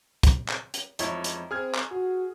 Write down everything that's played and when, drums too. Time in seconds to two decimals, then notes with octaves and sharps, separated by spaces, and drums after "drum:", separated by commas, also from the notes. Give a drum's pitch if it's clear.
0.23 drum: kick, hi-hat
0.49 drum: clap
0.74 drum: hi-hat
0.99 F2 G#3 D#4 E4 C#5 G#6, drum: hi-hat
1.24 drum: hi-hat
1.51 C4 G#4 F6 G#6
1.75 drum: clap
1.91 F#4